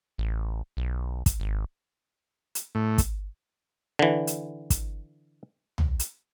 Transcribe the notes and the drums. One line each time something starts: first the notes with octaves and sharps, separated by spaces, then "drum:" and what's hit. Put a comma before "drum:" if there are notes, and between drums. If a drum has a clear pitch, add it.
A1
B1
drum: kick, hi-hat
G#1
drum: hi-hat
A2
drum: kick, hi-hat
D3 E3
drum: hi-hat
drum: kick, hi-hat
drum: tom
drum: hi-hat